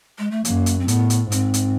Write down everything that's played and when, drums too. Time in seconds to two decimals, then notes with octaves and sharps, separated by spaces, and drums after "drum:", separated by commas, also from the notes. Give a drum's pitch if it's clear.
0.19 G#3
0.31 A3
0.45 F#2 A#3, drum: hi-hat
0.66 drum: hi-hat
0.80 C4
0.88 A2 B3, drum: hi-hat
1.10 drum: hi-hat
1.32 G#2 C4, drum: hi-hat
1.54 drum: hi-hat